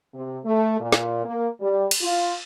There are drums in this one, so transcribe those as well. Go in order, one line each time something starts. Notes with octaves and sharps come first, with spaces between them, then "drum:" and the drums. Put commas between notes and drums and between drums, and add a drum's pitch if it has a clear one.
C3
A3
A#2
drum: snare
A#3
G3
drum: cymbal
F4